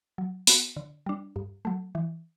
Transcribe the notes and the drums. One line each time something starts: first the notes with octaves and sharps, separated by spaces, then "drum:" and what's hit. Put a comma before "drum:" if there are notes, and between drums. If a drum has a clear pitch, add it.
F#3
B3 F#4, drum: open hi-hat
D3
G3 D4
G2
F#3 A3
E3